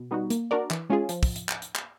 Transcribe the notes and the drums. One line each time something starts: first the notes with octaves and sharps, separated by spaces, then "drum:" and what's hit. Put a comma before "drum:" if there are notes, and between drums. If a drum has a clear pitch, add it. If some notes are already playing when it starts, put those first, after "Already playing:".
Already playing: B2
G3 B3 D#4 F#4
A#3, drum: hi-hat
D4 F#4 A#4 D5
E3, drum: clap
G#3 C#4 F4 G#4
F3, drum: hi-hat
drum: kick, open hi-hat
drum: hi-hat
drum: clap
drum: hi-hat
drum: clap